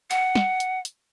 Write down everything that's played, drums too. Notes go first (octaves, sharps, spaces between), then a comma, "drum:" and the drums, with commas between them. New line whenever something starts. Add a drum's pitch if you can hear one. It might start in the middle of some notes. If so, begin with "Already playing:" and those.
F#5, drum: hi-hat
drum: snare
drum: hi-hat
drum: hi-hat